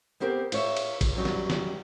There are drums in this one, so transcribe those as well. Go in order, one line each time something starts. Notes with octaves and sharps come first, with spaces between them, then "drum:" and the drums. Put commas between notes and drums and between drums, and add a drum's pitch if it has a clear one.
B3 C4 G4 A#4 C5
F4 C#5 E5, drum: cymbal
drum: cymbal
drum: kick, cymbal
F#2 F#3 G3
drum: snare
drum: snare